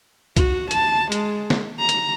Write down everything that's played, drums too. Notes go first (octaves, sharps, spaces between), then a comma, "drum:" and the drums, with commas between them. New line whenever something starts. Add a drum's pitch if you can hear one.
F#4, drum: kick, hi-hat
A5, drum: hi-hat
G#3, drum: hi-hat
drum: snare
A#5
drum: hi-hat